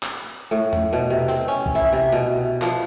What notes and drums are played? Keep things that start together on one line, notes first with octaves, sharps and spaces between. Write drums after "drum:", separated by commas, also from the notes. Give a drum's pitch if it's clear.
drum: clap
A2
drum: tom E2
B2
C3
C4
C#4
drum: kick A#1
E4
C3
B2
F3, drum: clap